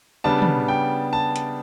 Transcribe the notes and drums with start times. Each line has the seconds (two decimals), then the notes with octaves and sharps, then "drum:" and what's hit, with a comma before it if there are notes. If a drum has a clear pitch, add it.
0.24 C#3 G3 B3 D4 A5
0.42 drum: tom
0.68 G5
1.13 A5
1.36 drum: hi-hat